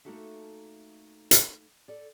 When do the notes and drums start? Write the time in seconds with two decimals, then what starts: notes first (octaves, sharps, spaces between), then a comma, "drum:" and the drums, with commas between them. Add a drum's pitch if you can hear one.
0.05 A3 A#3 D#4 F#4 A4 E5
1.31 drum: hi-hat
1.88 A4 D5